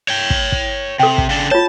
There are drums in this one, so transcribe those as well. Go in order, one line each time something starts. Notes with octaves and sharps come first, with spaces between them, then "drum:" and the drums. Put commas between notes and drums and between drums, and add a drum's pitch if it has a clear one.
C#5 G5
drum: kick
drum: kick
C3 A4 G5
drum: kick
C#3 D4
F4 C#5 A5